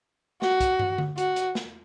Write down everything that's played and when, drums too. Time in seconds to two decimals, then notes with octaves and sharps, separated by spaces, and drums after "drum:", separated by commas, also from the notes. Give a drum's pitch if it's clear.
0.42 F#4, drum: snare
0.60 drum: kick, hi-hat
0.79 drum: tom
0.98 drum: tom D3
1.18 F#4, drum: hi-hat
1.36 drum: hi-hat
1.55 drum: snare